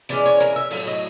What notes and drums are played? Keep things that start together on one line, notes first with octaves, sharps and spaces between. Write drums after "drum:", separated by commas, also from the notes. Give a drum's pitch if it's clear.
E3 G#3 C#4 D5, drum: hi-hat
C#5
A#4, drum: hi-hat
E5
A2 F#3 F5, drum: open hi-hat
D#5